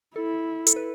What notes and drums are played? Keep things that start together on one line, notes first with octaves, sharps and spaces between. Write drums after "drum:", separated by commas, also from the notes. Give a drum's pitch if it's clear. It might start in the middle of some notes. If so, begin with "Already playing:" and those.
E4 A4
A4, drum: hi-hat
B4